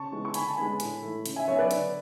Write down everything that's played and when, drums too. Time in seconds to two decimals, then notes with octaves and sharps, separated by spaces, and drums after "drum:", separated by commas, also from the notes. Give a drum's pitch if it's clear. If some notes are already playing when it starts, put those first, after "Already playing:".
Already playing: C#3 A5 C#6
0.12 E3 G#3 B3
0.25 C#6
0.34 D3 G#5 B5, drum: hi-hat
0.47 A5
0.57 G#3 B3 G#5 B5
0.80 A2, drum: hi-hat
1.02 E3 A3
1.26 C#3, drum: hi-hat
1.36 E5 G#5
1.48 F#3 B3 C#5 E5
1.59 B4 D5
1.71 D3, drum: hi-hat